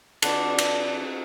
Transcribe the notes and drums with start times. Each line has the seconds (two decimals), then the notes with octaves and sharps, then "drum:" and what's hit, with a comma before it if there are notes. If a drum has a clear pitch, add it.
0.22 D3 B3 D4 D5 A5, drum: cymbal
0.58 drum: cymbal